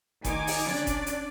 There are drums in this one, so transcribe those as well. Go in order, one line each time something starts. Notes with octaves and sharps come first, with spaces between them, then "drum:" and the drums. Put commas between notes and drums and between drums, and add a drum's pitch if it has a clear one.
D#3 D#4 G#5 D6 G#6, drum: kick F#1, hi-hat
drum: open hi-hat
C#4 D4 D5, drum: snare
drum: kick F#1, hi-hat
drum: hi-hat